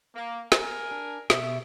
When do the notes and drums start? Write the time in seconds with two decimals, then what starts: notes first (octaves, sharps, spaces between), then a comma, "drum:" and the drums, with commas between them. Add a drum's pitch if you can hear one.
0.15 A#3
0.52 A#4 G#5, drum: snare
0.91 D4
1.30 B2 G4 E5, drum: snare